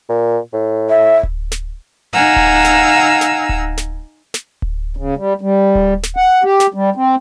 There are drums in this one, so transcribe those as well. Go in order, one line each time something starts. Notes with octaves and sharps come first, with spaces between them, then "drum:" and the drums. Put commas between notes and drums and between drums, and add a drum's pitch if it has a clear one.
A#2
A2
E5
drum: kick D1
drum: snare
D#4 F5 F#5 G#5 A#5 E6
drum: kick D1
drum: snare
drum: snare
drum: kick D1
drum: snare
drum: snare
drum: kick D1
C#3
G3
G3
drum: kick D1
drum: snare
F#5
G4
drum: snare
G3
C4